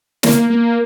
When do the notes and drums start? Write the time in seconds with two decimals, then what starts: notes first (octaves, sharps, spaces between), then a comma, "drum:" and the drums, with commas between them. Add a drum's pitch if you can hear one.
0.23 A#3, drum: snare
0.50 A#3